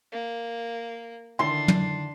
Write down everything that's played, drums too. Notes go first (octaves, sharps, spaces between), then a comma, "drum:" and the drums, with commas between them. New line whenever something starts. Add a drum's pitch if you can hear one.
A#3
D3 D#3 D4 E4 C6
drum: tom